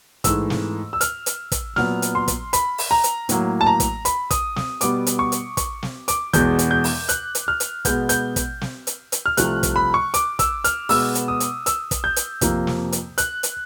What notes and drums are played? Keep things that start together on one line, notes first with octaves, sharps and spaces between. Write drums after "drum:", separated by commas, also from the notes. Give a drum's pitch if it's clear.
G#2 E3 A3 E6, drum: kick, hi-hat
drum: snare
E6
F6, drum: hi-hat
drum: hi-hat
drum: kick, hi-hat
A#2 F#3 B3 F6, drum: snare
drum: hi-hat
C6
drum: kick, hi-hat
B5, drum: hi-hat
drum: open hi-hat
A#5
drum: hi-hat
A2 F#3 A#3, drum: hi-hat
A5
A#5
drum: kick, hi-hat
B5, drum: hi-hat
D#6, drum: kick, hi-hat
D#6, drum: snare
B2 G3 B3 D6, drum: hi-hat
drum: hi-hat
C#6
drum: hi-hat
C#6, drum: kick, hi-hat
drum: snare
D6, drum: hi-hat
E2 B2 G#3 G6, drum: kick, hi-hat
drum: hi-hat
G6
drum: open hi-hat
F#6, drum: hi-hat
drum: hi-hat
F6
drum: hi-hat
B2 G#3 B3 G6, drum: kick, hi-hat
G6, drum: hi-hat
drum: kick, hi-hat
drum: snare
drum: hi-hat
drum: hi-hat
F6
C2 C3 F3 A3 F#6, drum: hi-hat
drum: kick, hi-hat
B5
C#6
D6, drum: hi-hat
E6, drum: kick, hi-hat
F6, drum: hi-hat
B2 G#3 B3 E6, drum: open hi-hat
drum: hi-hat
D#6
drum: hi-hat
E6, drum: hi-hat
drum: kick, hi-hat
G6
drum: hi-hat
F2 C3 F3 A#3, drum: kick, hi-hat
drum: snare
drum: hi-hat
F#6, drum: hi-hat
drum: hi-hat